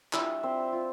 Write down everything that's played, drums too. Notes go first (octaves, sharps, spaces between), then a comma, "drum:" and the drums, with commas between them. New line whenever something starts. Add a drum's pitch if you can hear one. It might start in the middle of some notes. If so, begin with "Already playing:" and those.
G3 D4 E4 F4 E5, drum: clap
C4 C5
F4